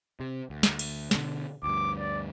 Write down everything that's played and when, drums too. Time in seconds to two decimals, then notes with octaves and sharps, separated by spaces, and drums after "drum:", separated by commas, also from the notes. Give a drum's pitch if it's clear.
0.20 C3
0.50 D2
0.63 drum: snare
0.79 drum: cymbal
1.11 B2 D3, drum: snare
1.63 D2 G2 D6
1.98 D5